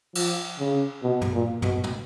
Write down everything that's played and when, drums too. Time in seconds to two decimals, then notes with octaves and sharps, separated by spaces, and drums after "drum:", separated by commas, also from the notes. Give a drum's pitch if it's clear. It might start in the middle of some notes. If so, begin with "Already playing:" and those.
0.15 F3, drum: cymbal
0.59 C#3
1.03 B2
1.21 drum: tom
1.33 A#2
1.62 B2, drum: tom
1.84 drum: tom